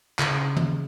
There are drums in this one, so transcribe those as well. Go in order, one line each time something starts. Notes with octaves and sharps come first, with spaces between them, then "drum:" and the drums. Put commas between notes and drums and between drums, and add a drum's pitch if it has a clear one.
C#3, drum: clap
drum: tom